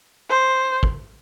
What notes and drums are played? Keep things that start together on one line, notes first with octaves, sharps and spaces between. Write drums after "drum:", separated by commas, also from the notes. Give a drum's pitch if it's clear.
C5
drum: kick